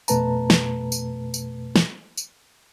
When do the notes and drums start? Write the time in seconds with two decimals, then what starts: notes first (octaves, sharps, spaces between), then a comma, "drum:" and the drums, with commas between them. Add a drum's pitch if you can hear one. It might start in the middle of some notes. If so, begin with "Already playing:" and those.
0.08 F2 B2 A3 B4 A5 A#5, drum: tambourine
0.50 drum: snare
0.92 drum: tambourine
1.34 drum: tambourine
1.76 drum: snare
2.17 drum: tambourine